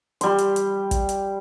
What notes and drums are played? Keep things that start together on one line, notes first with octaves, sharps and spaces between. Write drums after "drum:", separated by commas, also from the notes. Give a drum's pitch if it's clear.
G3 C6, drum: hi-hat
drum: hi-hat
drum: hi-hat
drum: kick, hi-hat
drum: hi-hat